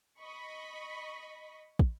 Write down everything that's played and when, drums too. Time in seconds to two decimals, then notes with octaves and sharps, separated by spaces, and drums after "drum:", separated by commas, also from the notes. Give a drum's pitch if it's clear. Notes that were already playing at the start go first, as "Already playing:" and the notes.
0.21 D#5 B5 C#6
1.79 drum: kick